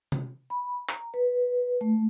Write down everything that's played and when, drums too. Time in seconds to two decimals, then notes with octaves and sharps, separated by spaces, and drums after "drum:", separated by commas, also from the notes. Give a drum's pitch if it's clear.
0.12 drum: tom C3
0.50 B5
0.89 A#5, drum: clap
1.14 B4
1.81 A3